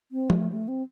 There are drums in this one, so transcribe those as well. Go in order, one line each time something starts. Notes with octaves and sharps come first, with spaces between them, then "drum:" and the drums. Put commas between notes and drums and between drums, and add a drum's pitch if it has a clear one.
C4
G#3, drum: tom F3
A3
A3
C4